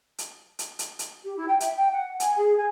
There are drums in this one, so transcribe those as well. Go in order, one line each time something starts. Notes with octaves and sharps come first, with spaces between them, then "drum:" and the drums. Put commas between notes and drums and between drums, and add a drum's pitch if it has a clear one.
drum: hi-hat
drum: hi-hat
drum: hi-hat
drum: hi-hat
G4
E4
G5
E5, drum: hi-hat
G5
F#5
G#5, drum: hi-hat
G#4
G#5